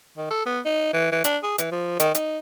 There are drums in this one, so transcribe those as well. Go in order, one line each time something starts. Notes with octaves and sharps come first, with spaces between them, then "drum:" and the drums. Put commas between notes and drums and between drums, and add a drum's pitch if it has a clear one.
D#3
A4
B3
D#4
E3
E3
D4, drum: hi-hat
G#4
E3, drum: hi-hat
F3
D#3, drum: hi-hat
D#4, drum: hi-hat